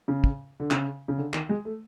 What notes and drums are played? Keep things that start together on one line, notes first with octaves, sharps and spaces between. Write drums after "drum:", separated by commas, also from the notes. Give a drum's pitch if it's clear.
C#3
drum: kick
D3
C#3, drum: clap
C#3
D3
D#3, drum: clap
G#3
A3